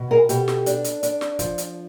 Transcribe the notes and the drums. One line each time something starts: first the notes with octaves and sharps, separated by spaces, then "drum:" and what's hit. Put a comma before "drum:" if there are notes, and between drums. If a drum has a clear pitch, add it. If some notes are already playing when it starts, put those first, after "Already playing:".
Already playing: B2
G#4 A#4
B2 G4 A4, drum: hi-hat
drum: snare
D4, drum: hi-hat
drum: hi-hat
D4, drum: hi-hat
drum: snare
F3, drum: kick, hi-hat
drum: hi-hat